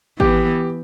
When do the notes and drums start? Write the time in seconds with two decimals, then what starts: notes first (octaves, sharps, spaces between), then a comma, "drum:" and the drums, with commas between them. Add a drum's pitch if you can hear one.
0.20 E3 B3 G4, drum: kick G#1